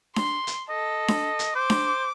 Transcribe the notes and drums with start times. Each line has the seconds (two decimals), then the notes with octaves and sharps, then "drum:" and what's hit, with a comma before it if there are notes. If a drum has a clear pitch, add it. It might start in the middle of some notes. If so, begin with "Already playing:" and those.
0.16 C6, drum: snare D4
0.47 drum: hi-hat
0.69 A4 D#5
1.08 drum: snare D4
1.39 drum: hi-hat
1.55 C5 D6
1.70 drum: snare D4